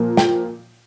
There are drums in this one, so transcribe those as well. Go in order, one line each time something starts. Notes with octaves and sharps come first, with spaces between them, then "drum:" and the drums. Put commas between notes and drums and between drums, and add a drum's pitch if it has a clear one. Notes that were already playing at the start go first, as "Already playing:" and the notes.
Already playing: A#2 F3 A#3
G5, drum: snare